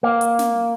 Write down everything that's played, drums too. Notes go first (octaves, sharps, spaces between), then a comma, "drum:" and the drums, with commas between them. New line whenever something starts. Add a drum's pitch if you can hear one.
A#3
drum: hi-hat
drum: snare